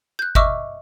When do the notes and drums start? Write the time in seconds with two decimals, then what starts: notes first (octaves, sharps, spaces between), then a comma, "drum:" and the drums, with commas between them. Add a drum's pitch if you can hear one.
0.19 F#6 G6
0.35 D#5 E5 C#6 D6 E6 F6, drum: kick G1